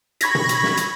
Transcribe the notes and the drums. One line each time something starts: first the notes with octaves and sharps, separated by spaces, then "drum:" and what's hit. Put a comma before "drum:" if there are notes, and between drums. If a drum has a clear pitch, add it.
B5 C#6 G#6 A#6 B6, drum: hi-hat
drum: tom
drum: hi-hat
drum: snare
drum: hi-hat